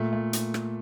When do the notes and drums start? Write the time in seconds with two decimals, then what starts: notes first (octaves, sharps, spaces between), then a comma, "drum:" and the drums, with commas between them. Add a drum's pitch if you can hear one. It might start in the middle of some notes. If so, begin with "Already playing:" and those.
Already playing: A#2 A3
0.13 A3
0.33 drum: hi-hat
0.54 drum: rim click